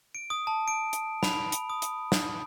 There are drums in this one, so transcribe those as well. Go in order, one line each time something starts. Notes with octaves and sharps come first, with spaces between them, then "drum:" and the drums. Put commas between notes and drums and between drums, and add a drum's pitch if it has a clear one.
D7
D#6
A5
D7
drum: hi-hat
B5, drum: snare
drum: hi-hat
D#6
drum: hi-hat
drum: snare